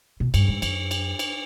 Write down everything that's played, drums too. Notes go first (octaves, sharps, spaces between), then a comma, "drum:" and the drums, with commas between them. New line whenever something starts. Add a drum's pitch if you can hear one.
B2
G2, drum: cymbal
G2
F#2, drum: cymbal
drum: cymbal
drum: cymbal